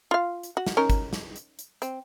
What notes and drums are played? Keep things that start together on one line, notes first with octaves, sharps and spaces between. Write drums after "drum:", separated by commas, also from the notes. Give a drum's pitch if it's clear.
F4 F5
drum: hi-hat
F#4
drum: snare
C#4 D#4 A#4
drum: kick, hi-hat
drum: snare
drum: hi-hat
drum: hi-hat
C4, drum: hi-hat